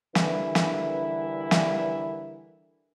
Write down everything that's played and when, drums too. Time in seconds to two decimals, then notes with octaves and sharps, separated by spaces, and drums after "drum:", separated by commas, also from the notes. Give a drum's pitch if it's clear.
0.15 D3 E3 G3 E4 A#4 B4, drum: snare
0.55 drum: snare
1.51 drum: snare